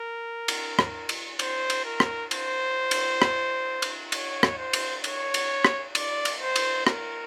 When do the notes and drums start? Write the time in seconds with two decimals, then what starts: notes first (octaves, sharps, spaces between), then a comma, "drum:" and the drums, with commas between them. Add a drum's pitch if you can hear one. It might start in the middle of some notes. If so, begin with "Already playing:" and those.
Already playing: A#4
0.48 drum: cymbal
0.79 drum: rim click
1.09 drum: cymbal
1.39 C5, drum: cymbal
1.70 drum: cymbal
1.85 A#4
2.00 drum: rim click
2.31 C5, drum: cymbal
2.91 drum: cymbal
3.22 drum: rim click
3.82 drum: cymbal
4.12 C#5, drum: cymbal
4.43 drum: rim click
4.58 C5
4.73 drum: cymbal
5.04 C#5, drum: cymbal
5.34 drum: cymbal
5.65 drum: rim click
5.95 D5, drum: cymbal
6.25 drum: cymbal
6.41 C5
6.56 drum: cymbal
6.87 A#4, drum: rim click